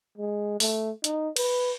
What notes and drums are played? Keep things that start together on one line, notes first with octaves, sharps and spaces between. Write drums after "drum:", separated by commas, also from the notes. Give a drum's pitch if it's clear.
G#3
A3, drum: open hi-hat
D#4, drum: hi-hat
B4, drum: cymbal